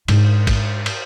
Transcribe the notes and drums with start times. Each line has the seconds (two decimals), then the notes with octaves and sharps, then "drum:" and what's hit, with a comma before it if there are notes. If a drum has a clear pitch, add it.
0.08 G#2 D4, drum: cymbal
0.47 drum: kick, cymbal
0.86 drum: cymbal